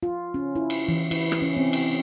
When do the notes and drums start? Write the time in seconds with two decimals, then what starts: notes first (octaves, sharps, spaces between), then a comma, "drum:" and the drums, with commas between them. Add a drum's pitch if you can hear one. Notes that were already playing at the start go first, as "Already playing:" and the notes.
0.03 F4
0.34 C#4
0.55 E4
0.70 drum: cymbal
0.89 E3
1.11 E4, drum: cymbal
1.32 drum: rim click
1.42 C#4
1.57 C4
1.73 drum: cymbal